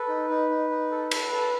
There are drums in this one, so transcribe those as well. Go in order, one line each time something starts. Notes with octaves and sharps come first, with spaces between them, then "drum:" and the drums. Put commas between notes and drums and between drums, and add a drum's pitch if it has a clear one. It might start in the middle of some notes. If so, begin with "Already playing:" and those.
Already playing: A4 B4
D#4
D#4
D#4
D#4
A4
A4, drum: cymbal
A4